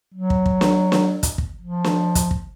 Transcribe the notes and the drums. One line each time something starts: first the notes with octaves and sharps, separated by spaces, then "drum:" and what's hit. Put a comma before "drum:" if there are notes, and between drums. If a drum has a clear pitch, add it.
F#3
drum: kick
drum: kick
drum: snare
drum: snare
drum: kick, hi-hat
drum: kick
F3
drum: snare
drum: kick, hi-hat
drum: kick